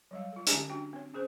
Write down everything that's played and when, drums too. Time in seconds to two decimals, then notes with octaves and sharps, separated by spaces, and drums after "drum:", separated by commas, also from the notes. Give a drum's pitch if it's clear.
0.11 F#3 G3 F5
0.32 F4 A4
0.47 D3 G#3 C#4 G4 G#5 A#5, drum: hi-hat
0.70 D4 F#4 G5
0.93 C4 C#5
1.14 C#4 G#4 B4 C5